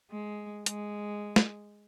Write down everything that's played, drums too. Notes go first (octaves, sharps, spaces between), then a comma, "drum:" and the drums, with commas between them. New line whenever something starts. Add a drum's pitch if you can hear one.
G#3
G#3, drum: hi-hat
drum: snare